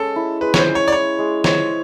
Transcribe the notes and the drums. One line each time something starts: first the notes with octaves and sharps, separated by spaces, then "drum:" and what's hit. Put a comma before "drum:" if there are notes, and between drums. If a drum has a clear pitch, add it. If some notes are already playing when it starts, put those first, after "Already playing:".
Already playing: G#3 C#4 A4
E4
G#3 B4
C#5, drum: snare
C5
C#4
C#5
D5
E4 C#5
G#3
C5 C#5, drum: snare